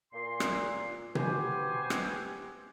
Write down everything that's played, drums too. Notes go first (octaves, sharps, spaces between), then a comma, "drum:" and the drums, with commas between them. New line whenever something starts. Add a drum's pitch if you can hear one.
A#2 C6
drum: rim click
B3 F#4 G4 B4 C5 G#5, drum: tom B2
drum: rim click